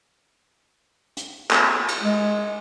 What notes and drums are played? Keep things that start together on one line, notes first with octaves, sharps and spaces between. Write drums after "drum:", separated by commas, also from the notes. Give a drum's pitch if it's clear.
drum: hi-hat
drum: clap
drum: cymbal
G#3